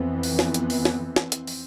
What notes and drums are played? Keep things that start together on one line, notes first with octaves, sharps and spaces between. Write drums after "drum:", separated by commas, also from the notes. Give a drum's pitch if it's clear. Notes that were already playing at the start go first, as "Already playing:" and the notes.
Already playing: F2 E3 B3 C4
drum: open hi-hat
drum: snare
drum: hi-hat
drum: open hi-hat
drum: snare
drum: snare
drum: hi-hat
drum: open hi-hat